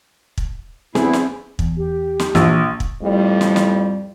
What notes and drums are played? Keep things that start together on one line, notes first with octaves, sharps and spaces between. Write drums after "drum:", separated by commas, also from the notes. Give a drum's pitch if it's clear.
drum: kick
E2 B3 C4 E4 G#4, drum: snare
drum: snare
E2, drum: kick
G4
drum: snare
A#1 E3, drum: snare
drum: kick
F2 A2 G3
drum: snare
drum: snare